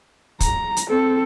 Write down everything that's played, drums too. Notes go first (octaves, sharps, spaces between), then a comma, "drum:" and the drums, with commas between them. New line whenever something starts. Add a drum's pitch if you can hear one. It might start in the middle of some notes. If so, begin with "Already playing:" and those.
A#5, drum: kick, hi-hat
drum: hi-hat
C4 A4